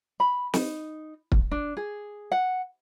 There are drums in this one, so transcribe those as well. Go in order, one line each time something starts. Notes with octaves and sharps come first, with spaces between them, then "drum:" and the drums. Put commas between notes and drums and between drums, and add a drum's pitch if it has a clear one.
B5
D#4, drum: snare
drum: kick
D4
G#4
F#5